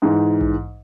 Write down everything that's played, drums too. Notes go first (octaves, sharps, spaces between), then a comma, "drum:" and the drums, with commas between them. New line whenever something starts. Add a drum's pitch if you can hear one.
G#2 E3
drum: kick A#1